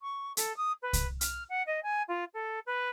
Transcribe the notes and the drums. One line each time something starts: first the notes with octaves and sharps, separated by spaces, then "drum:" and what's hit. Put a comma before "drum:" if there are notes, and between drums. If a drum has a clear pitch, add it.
C#6
A4, drum: hi-hat
D#6
B4
drum: kick C2, hi-hat
F6, drum: hi-hat
F#5
D#5
G#5
F4
A4
B4